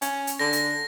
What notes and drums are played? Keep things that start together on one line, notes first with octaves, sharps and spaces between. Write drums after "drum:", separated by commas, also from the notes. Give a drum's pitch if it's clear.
C#4, drum: hi-hat
drum: hi-hat
D3 A#6
drum: hi-hat